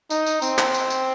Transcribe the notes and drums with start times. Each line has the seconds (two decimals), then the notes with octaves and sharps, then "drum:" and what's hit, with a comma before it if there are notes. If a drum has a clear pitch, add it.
0.10 D#4, drum: tambourine
0.26 drum: tambourine
0.42 C4, drum: tambourine
0.58 drum: clap
0.74 drum: tambourine
0.90 drum: tambourine